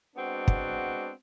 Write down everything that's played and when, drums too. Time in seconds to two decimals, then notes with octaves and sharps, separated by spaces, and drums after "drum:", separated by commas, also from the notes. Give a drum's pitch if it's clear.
0.16 G#3 B3 C4 D4 F#4
0.48 drum: kick